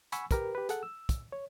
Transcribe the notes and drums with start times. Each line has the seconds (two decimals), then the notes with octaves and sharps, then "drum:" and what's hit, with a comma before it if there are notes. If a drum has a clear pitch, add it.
0.12 F#5 G#5 B5 C#6 E6, drum: hi-hat
0.31 G4 A#4 B4, drum: kick, hi-hat
0.55 G4 B4
0.69 G#4 A4 F#5, drum: hi-hat
0.83 E6
1.09 drum: kick, hi-hat
1.32 C#5